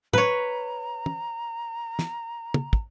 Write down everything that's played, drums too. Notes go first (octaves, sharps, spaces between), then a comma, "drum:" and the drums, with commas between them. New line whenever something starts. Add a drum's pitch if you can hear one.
B4 C#5 A#5, drum: tom
drum: tom
drum: snare
drum: tom
drum: kick